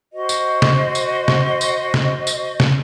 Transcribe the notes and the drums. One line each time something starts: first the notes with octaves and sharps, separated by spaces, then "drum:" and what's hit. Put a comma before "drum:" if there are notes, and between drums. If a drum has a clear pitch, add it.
F#4 C5 D#5
drum: tambourine
drum: snare
drum: tambourine
drum: snare
drum: tambourine
drum: snare
drum: tambourine
drum: snare